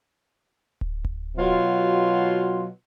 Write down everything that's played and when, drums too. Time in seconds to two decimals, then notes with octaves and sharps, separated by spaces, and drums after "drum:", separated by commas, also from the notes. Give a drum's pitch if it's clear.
0.81 drum: kick D1
1.05 drum: kick D1
1.37 B2 F#3 F4